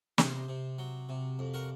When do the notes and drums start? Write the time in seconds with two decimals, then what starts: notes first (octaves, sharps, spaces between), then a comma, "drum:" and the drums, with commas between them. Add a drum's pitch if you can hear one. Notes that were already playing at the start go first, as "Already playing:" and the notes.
0.18 C3 C5 D#5, drum: snare
0.48 C3
0.79 F#3
1.09 C3
1.39 F2
1.54 F#4 A#4